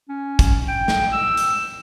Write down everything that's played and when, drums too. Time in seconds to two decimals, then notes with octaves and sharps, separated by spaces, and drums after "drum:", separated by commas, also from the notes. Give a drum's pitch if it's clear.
0.09 C#4
0.39 drum: kick, hi-hat
0.68 G5
0.88 drum: snare
1.13 E6
1.37 drum: hi-hat